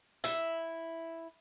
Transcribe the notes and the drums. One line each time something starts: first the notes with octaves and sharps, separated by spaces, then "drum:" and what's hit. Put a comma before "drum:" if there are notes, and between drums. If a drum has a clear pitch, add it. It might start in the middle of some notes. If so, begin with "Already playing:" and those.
E4, drum: hi-hat